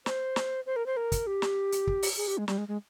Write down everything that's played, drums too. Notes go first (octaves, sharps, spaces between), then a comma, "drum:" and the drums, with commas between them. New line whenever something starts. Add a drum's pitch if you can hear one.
C5, drum: snare
drum: snare
C5
A#4
C5
A#4
drum: kick, hi-hat
G4
drum: snare
drum: hi-hat
drum: kick
drum: open hi-hat
G#4
G4
G#3
G3, drum: snare
G#3
G#3